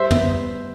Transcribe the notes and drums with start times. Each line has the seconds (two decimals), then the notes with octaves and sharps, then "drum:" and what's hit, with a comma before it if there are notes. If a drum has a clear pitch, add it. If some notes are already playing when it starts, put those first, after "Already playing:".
Already playing: G3 C5 E5
0.11 B3, drum: tom